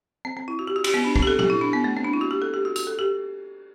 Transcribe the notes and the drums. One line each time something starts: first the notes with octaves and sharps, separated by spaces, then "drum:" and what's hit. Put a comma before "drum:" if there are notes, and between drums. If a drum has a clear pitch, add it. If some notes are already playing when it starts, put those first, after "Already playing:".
C4
C4
E4
F#4
G4
F#4
G4, drum: cymbal
B3
D4
C4, drum: kick
G4
A4
G4, drum: tom
E4
D4
B3
A3
C4
D4
E4
F#4
G4
A4
G4
F#4
F#4, drum: tambourine
A4
G4